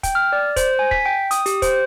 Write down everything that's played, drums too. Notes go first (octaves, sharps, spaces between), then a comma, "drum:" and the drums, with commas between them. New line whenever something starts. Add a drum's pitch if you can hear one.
G5, drum: kick, hi-hat
F6
D5
C5, drum: kick, hi-hat
G#5
B6, drum: kick
G5
D#6, drum: hi-hat
G4, drum: hi-hat
C5, drum: kick, hi-hat